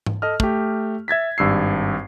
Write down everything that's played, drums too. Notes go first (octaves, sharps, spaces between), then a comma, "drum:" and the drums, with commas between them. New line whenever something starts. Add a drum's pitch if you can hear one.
drum: tom G#2
A4 D#5 F6
A3 G4, drum: kick
E5 G#6 A6 B6
G#1 G2 E6 C7